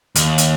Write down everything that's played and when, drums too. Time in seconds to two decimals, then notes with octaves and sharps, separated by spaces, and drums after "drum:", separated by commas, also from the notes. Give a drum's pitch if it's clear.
0.15 D#2, drum: hi-hat
0.38 drum: hi-hat